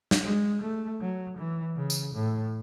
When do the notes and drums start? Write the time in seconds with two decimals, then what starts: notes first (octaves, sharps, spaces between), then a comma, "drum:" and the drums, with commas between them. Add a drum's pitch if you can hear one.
0.11 drum: snare
0.25 G#3
0.62 A3
1.01 F#3
1.38 E3
1.76 C#3
1.90 drum: tambourine
2.14 A2